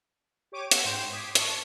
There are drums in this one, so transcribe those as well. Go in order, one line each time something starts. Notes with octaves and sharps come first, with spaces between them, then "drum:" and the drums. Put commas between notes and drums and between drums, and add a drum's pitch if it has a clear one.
G4 C#5 D6 D#7
B3 A4 C#5 F#5, drum: hi-hat
G#2 G5 C6 G6
D6 D#6 G#6 B6 C7
A5 C#6 C#7 D#7, drum: hi-hat